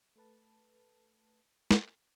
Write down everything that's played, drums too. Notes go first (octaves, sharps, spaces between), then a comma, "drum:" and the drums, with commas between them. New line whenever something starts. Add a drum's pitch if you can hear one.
A3 A4 B4 A5
drum: snare